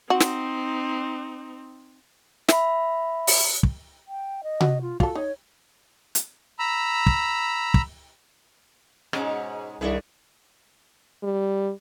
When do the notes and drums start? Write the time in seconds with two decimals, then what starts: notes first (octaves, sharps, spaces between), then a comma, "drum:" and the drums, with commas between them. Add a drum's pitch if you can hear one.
0.10 C4 D#4 F#4
0.20 drum: snare
2.49 E5 B5, drum: snare
3.27 drum: open hi-hat
3.63 drum: kick
4.08 G5
4.43 D#5
4.61 F#4, drum: tom C3
4.81 F4
5.00 F4 F#4 A4, drum: kick
5.15 D#4 C#5
6.15 drum: hi-hat
6.59 A#5 B5 E6
7.06 drum: kick
7.74 drum: kick
9.13 G#2 B2 G#3 C#4 D#4, drum: rim click
9.81 C2 D#3 D4 E4 G#4 B4
11.23 G3